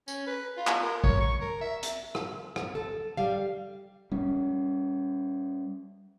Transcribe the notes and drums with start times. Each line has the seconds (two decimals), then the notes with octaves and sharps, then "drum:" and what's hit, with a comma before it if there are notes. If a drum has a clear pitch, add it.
0.08 C#4, drum: tambourine
0.27 B4
0.58 F4
0.67 drum: clap
0.83 A#4
1.04 C#5, drum: kick
1.21 C#6
1.41 A#4
1.61 E5
1.83 drum: hi-hat
2.15 drum: rim click
2.56 drum: rim click
2.75 A4
3.17 G3 F5
4.12 G3 C#4